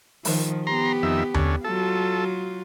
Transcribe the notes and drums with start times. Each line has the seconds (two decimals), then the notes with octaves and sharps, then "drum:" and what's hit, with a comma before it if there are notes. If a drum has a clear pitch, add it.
0.25 D#3 F3, drum: open hi-hat
0.67 B3 G4 A#5 C6
1.03 F2 D#3 E5
1.34 D3 C#4, drum: tom D#2
1.64 F#3 F4 A4